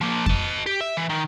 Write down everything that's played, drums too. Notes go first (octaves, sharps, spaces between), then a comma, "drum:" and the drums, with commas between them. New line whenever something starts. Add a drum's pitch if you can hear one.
F3 A#3
D#5 A5, drum: kick F2
G4
E5
E3
D#3